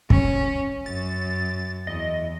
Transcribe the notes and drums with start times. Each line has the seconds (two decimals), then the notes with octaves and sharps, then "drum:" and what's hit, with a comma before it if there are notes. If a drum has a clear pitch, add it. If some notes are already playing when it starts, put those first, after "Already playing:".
0.10 C#4, drum: kick
0.86 F#2 A6
1.87 E2 D#5